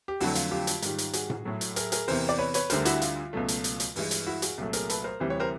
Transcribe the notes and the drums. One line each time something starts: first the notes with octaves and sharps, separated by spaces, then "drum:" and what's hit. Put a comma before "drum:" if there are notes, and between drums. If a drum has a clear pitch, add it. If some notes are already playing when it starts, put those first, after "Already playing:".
G4
F2 D3 F#3 A3 E4 F#4, drum: open hi-hat
F4, drum: hi-hat
F4 G4
drum: hi-hat
G#2 D#3 G3, drum: hi-hat
drum: hi-hat
F#4 G#4, drum: hi-hat
drum: tom A2
A2 F#3 A3
drum: hi-hat
G#4 A#4, drum: hi-hat
G#4 A#4, drum: hi-hat
E2 C3 E3 A#4 C5, drum: open hi-hat
D5
B4 C#5
B4 C#5, drum: hi-hat
D2 D3 G3 A#4 C5, drum: hi-hat
E4 F#4, drum: hi-hat
F4, drum: hi-hat
C#2 B2 F#3 A3
drum: hi-hat
drum: hi-hat
drum: hi-hat
G2 E3 G#3, drum: open hi-hat
drum: hi-hat
E4 F#4
F#4 G#4, drum: hi-hat
C2 A#2 F#3 A3
G#4 A#4, drum: hi-hat
A4 B4, drum: hi-hat
A#4 C5
D2 C3 E3 G3 C5
C#5
A#4 C5